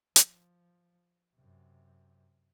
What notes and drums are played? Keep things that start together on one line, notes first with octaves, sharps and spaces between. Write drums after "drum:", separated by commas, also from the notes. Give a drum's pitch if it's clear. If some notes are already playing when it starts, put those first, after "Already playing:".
F3, drum: hi-hat
F#2 C3